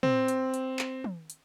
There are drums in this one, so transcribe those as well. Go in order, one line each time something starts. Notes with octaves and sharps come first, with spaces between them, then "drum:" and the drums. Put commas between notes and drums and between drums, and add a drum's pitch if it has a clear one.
C4, drum: tom
drum: hi-hat
drum: hi-hat
drum: clap
drum: tom
drum: hi-hat